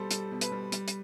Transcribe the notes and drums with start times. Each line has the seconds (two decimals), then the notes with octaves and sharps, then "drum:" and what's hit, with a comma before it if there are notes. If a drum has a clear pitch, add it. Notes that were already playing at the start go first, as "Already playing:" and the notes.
Already playing: B2 G3 A4 C5
0.11 G3 A4, drum: hi-hat
0.31 B2
0.41 B4, drum: hi-hat
0.52 G3
0.72 G3, drum: hi-hat
0.88 drum: hi-hat